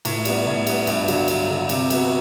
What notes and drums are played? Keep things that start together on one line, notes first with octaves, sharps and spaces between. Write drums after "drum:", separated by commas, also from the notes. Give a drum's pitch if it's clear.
A2, drum: cymbal
G3 B3, drum: cymbal
A2
G3 B3, drum: cymbal
G2, drum: cymbal
D3 F#3, drum: cymbal
G2, drum: cymbal
D3 F#3
C3, drum: cymbal
F#3 B3 F#4, drum: cymbal